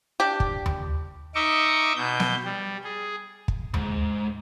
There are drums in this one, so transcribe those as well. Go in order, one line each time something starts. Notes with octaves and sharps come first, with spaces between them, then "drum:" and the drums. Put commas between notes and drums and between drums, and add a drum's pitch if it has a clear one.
D4 G4
drum: kick
drum: tom D#2
D#4 D#5 E5 C#6 D6
B2 G6
drum: snare B3
G3
G#4
drum: kick
G#2, drum: tom D#2